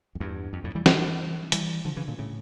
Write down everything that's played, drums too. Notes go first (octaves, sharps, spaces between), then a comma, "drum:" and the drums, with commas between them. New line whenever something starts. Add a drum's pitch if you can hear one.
F2
E2 G2
F2
F2 A2
E3 G3
E3 G3, drum: snare
E3 G3, drum: hi-hat
D3 F3
C#3 E3
A#2 D3
A2 C#3